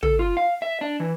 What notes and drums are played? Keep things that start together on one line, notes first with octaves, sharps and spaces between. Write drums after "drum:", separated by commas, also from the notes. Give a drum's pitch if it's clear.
A4, drum: tom
F4
F5
E5
D4
E3